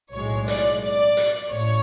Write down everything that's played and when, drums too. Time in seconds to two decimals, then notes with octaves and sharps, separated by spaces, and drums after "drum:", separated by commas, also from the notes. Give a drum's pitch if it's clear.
0.13 B1 A2 G#3 C#5
0.48 D5, drum: hi-hat
0.83 D5
1.17 drum: hi-hat
1.52 A1 A2 C#5